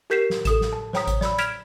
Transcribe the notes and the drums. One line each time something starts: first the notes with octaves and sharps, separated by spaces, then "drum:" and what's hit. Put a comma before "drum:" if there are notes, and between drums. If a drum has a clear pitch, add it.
G4 A#4 G6 B6 C7 E7
drum: snare
A4 D#6 E7, drum: kick A1, hi-hat
drum: snare
A5
C5 C#5 G5 A#5 D#6 B6, drum: snare
drum: kick A1, hi-hat
D5 B5 E6, drum: snare
F6 G#6 B6 D7 E7 F7, drum: hi-hat